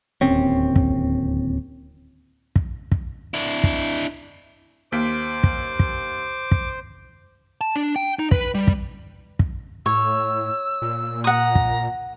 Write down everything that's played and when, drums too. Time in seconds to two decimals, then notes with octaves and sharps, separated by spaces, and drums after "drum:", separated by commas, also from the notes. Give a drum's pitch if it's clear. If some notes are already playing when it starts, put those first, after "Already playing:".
0.21 D1 D#2 C4 C#4
0.76 drum: kick
2.56 drum: kick
2.92 drum: kick
3.34 D4 E4
3.64 drum: kick
4.92 D#2 A#3 C5 D6 B6 D7
5.43 drum: kick
5.79 drum: kick
6.51 drum: kick
7.61 A5
7.76 D4
7.96 G5
8.19 D#4
8.31 B4, drum: kick
8.55 G3
8.67 drum: kick
9.39 drum: kick
9.86 A2 C#5 E6
10.82 A#2
11.24 F#5 A#5 D#6
11.55 drum: kick